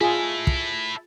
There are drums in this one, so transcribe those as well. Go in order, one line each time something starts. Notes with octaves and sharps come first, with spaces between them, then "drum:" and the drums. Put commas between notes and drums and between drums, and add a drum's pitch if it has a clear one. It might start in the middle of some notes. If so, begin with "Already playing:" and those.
E4 F4 G#4 A4
drum: kick